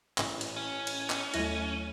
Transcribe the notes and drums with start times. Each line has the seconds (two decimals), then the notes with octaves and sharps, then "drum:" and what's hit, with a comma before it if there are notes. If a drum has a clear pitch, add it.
0.18 A1, drum: clap
0.41 drum: cymbal
0.56 C#4
0.87 drum: cymbal
1.10 drum: clap
1.34 D#2 F#3 A3 E4 A#6, drum: cymbal